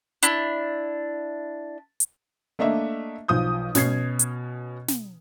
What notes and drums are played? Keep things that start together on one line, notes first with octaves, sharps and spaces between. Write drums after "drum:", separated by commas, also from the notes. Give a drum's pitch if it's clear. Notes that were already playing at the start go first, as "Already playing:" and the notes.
D4 E4, drum: hi-hat
drum: hi-hat
A3 A#3 D4 D#5 E5
B1 F3 D#6 G6
B2 C#4 G#6 C7, drum: snare
drum: hi-hat
drum: snare